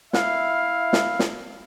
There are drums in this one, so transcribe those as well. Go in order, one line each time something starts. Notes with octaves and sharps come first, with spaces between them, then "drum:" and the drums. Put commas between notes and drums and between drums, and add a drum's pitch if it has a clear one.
E4 E5 F5, drum: snare
drum: snare
drum: snare